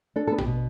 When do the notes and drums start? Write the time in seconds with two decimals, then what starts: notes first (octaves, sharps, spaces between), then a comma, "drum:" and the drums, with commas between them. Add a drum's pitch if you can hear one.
0.16 D4 A4
0.27 A4
0.32 B3
0.38 G4, drum: tom A1
0.46 B2